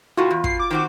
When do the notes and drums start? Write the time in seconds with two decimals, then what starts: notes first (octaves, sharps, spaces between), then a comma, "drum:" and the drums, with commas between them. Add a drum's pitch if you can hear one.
0.17 A2 C3 G#3 F4 F#4
0.31 E2
0.44 B2 C7, drum: kick
0.59 D6
0.71 D#3 C4 F#4